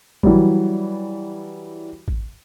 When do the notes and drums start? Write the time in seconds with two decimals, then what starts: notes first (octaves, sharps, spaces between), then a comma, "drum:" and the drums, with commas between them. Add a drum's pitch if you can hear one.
0.23 E3 F#3 G3, drum: kick A1
2.08 drum: kick A1